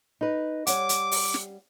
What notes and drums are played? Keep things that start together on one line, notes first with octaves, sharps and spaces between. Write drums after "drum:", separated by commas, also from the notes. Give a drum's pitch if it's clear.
D#4 B4
G3 C#5 F#5 D6, drum: hi-hat
drum: hi-hat
drum: open hi-hat
drum: snare